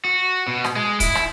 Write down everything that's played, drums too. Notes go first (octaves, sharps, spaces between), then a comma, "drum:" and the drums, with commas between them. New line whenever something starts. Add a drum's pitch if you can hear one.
F#4
B2
drum: rim click
G#3
E4, drum: kick, hi-hat
drum: rim click